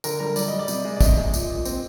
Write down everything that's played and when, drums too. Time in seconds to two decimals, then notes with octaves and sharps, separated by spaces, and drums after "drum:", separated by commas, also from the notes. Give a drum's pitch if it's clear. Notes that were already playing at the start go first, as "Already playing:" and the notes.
0.04 D3 A#4, drum: tambourine
0.20 G3 A#4
0.36 G3 D5, drum: tambourine
0.48 G3 D#5
0.59 D5
0.68 C3, drum: tambourine
0.85 G#3
0.96 D5
1.01 C3 D#5, drum: kick, tambourine
1.17 G#3
1.34 A#2, drum: tambourine
1.50 A#2
1.65 C4, drum: tambourine